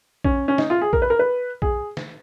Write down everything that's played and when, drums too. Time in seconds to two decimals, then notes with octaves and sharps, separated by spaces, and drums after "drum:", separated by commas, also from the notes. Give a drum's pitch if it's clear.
0.24 C#4, drum: kick
0.48 C#4
0.58 D#4, drum: snare
0.70 F4
0.81 G#4
0.93 A#4, drum: kick
1.02 B4
1.10 A#4
1.19 B4
1.62 G#4, drum: kick
1.97 drum: snare